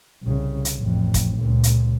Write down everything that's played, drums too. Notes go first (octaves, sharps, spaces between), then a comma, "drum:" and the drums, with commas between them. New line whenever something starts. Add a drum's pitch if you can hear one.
C2 C#3
drum: hi-hat
A1 F2
drum: kick, hi-hat
C#2 A#2
drum: hi-hat